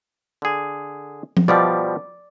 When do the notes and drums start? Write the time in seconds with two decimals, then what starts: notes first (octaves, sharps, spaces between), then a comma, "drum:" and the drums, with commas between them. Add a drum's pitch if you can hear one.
0.42 D3 G#4
1.37 drum: tom F3
1.48 B2 F3 G3 D5